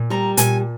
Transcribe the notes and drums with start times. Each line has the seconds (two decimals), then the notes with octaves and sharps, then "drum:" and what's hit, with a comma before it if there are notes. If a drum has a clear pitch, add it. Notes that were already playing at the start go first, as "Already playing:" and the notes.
Already playing: A#2
0.10 G3 A#5
0.37 A#2 G#5, drum: hi-hat